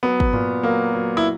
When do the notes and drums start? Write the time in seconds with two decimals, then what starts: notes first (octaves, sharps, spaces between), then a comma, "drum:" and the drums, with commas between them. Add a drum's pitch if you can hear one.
0.03 F#3 B3
0.20 drum: kick
0.33 A#2, drum: tom G2
0.63 F#3 A#3
0.94 F#3
1.17 E4